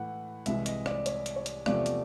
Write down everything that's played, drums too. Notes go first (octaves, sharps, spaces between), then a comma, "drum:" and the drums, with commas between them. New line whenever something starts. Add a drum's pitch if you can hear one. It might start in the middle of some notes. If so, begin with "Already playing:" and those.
Already playing: A2 E3 A3 F#5
C2 C3 E3 G#3 E5, drum: hi-hat
D#5, drum: hi-hat
D5, drum: rim click
C#5, drum: hi-hat
drum: hi-hat
C#5
drum: hi-hat
E2 C3 F3 A3 D5, drum: rim click
drum: hi-hat